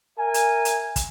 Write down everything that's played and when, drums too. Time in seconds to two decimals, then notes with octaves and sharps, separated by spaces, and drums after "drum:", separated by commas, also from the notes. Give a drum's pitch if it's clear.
0.19 A#4 E5 G#5
0.34 drum: hi-hat
0.65 drum: hi-hat
0.96 drum: kick, hi-hat